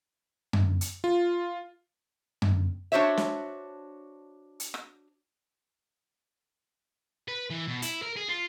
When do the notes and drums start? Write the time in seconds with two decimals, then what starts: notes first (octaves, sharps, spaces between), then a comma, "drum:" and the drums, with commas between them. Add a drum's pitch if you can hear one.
0.53 drum: tom F#2
0.81 drum: hi-hat
1.04 F4
2.42 drum: tom F#2
2.92 D4 F#4 C5 C#5 E5
3.17 drum: snare
4.60 drum: hi-hat
4.74 drum: rim click
7.28 B4
7.50 E3
7.68 B2
7.82 E4, drum: hi-hat
8.03 A#4
8.17 G#4
8.29 F4